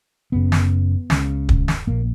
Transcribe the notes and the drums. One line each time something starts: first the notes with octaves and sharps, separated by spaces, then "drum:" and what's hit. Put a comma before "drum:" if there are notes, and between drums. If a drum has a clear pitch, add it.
F#1 F#2 C#3 B3
drum: snare
C#2 C#3, drum: snare
drum: kick
drum: snare
A#1 A#2 A#3